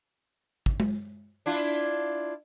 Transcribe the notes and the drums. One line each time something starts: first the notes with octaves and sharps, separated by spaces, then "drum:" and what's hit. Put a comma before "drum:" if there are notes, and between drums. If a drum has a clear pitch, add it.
drum: kick
drum: tom G#3
D4 E4 F4